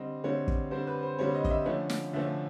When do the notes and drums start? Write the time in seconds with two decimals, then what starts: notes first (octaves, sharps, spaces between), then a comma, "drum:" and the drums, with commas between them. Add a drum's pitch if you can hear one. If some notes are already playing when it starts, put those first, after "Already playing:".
Already playing: D3 G3 C4 D#5
0.24 D3 G3 C4 C#5
0.48 drum: kick
0.71 D3 G3 C4 C5
0.87 B4
1.03 C5
1.19 D3 G3 C4 C#5
1.34 D#5
1.44 D#5, drum: kick
1.50 E5
1.66 D3 F3 A3 C#4
1.90 drum: snare
2.13 D3 F3 A3 C#4 E5